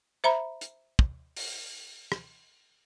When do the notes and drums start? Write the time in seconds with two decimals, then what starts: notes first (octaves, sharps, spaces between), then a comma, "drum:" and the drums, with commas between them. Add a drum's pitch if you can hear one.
0.24 C5 E5 A#5 B5
0.61 drum: hi-hat
0.99 drum: kick
1.37 drum: open hi-hat
2.12 drum: rim click